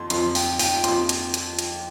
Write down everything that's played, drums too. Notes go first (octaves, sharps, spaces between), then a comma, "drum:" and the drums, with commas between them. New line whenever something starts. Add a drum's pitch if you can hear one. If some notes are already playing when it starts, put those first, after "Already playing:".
Already playing: F2 C6
F2 F3 C6, drum: hi-hat
G5, drum: open hi-hat
G5, drum: open hi-hat
F2 F3 C6, drum: hi-hat
drum: hi-hat
drum: hi-hat
drum: hi-hat